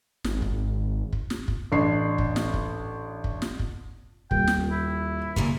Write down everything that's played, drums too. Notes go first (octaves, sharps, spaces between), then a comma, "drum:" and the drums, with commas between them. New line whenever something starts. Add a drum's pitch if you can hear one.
G#1, drum: snare
drum: kick
drum: kick
drum: snare
drum: kick
A1 D4 C7
drum: kick
drum: snare
drum: kick
drum: kick
drum: snare
drum: kick
D#1 G5, drum: kick
drum: snare
E4
A#2 C#3 A#3, drum: kick